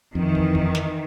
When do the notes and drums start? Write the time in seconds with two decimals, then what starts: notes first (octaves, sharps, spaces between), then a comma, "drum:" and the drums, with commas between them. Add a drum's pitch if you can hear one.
0.15 F2 D#3 E3
0.35 drum: kick
0.55 drum: kick
0.75 drum: snare